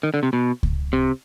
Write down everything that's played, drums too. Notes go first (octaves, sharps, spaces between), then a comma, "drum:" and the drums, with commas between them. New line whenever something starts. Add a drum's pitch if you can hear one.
D#3
D3
C3
B2
drum: kick C#2
C3